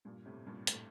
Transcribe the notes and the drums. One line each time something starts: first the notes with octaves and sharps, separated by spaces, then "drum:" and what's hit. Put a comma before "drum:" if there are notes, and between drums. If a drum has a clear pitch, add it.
G2 A#2
A2 C3
G2 A#2
A2, drum: hi-hat